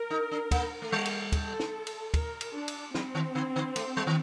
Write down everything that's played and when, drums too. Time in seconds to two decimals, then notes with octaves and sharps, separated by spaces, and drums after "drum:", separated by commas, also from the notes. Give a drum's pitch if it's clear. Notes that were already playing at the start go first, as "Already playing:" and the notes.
Already playing: A#4
0.10 D#4
0.31 D4
0.51 A#3, drum: kick, cymbal
0.82 A3
0.92 G3
1.05 drum: cymbal
1.32 A4, drum: kick, cymbal
1.60 drum: snare
1.87 drum: cymbal
2.14 A#4, drum: kick, cymbal
2.41 drum: cymbal
2.54 D4
2.68 drum: cymbal
2.94 F#3 C4, drum: snare
3.15 D#3
3.35 D3
3.56 D3
3.76 A3, drum: cymbal
3.97 G3
4.07 D#3